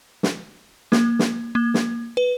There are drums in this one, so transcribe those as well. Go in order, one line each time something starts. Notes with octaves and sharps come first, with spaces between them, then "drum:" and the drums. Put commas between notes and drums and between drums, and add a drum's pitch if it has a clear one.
drum: snare
A#3, drum: snare
drum: snare
A#3
drum: snare
B4